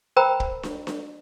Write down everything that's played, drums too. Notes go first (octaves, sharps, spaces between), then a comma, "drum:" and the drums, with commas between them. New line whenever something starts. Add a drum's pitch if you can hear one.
A#4 C5 G5 A#5 B5 E6
drum: kick
drum: snare D4
drum: snare D4